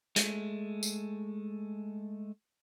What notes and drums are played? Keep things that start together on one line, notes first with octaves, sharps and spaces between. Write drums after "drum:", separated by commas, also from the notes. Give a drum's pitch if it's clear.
G#3 A3, drum: hi-hat
drum: tambourine